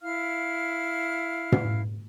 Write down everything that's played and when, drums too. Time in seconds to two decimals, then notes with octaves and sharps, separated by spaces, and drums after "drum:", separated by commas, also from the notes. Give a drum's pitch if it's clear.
0.02 E4 F5 F6
1.52 drum: tom